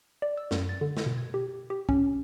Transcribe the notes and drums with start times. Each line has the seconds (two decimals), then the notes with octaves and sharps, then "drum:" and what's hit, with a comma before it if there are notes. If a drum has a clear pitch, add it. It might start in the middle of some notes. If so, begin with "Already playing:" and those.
0.22 D5
0.37 E6
0.51 F#2, drum: snare
0.69 A6
0.81 D3
0.97 drum: snare
1.06 B2
1.18 G#6
1.34 G4
1.70 G4
1.89 C#4, drum: kick